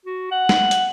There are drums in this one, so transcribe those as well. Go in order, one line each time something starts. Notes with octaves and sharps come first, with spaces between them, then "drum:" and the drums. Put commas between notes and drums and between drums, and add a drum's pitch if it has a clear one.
F#4
F#5
drum: snare
drum: hi-hat